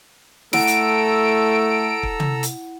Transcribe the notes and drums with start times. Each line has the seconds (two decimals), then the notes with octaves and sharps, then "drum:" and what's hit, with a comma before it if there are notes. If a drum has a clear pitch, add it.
0.53 A3 E4 A4 F#5 A#5 E6 D7, drum: snare
0.67 drum: hi-hat
2.03 drum: kick
2.20 drum: tom
2.43 drum: hi-hat